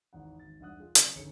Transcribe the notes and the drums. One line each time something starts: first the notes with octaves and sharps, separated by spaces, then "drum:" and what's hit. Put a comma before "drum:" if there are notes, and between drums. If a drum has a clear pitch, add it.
G#1 E2 D#4 F#5
G#1 A6
E1 G2 E5 F#5 D#6 F#6
F4 G#4
C#3 F#3, drum: hi-hat
G1 D#2 C#4 D#4 G#4 C#7